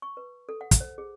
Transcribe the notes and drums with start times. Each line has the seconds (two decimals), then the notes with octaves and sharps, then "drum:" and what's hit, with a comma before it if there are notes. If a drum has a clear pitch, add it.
0.02 C#6
0.17 B4
0.49 A4
0.61 F#5
0.71 drum: kick, hi-hat
0.80 C5
0.98 G#4